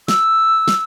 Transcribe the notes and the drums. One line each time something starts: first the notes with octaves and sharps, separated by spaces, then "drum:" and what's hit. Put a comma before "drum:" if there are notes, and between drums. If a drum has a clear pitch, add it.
E6, drum: snare
drum: snare